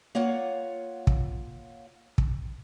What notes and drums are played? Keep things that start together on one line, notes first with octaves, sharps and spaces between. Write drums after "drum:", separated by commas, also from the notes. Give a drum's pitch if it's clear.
A#3 F4 C#5 F#5
drum: kick
drum: kick